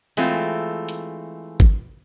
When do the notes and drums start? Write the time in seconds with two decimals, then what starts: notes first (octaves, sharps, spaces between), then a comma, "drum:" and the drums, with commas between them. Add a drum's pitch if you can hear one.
0.17 E3 G#3 A3 C4 F4, drum: hi-hat
0.88 drum: hi-hat
1.60 drum: kick, hi-hat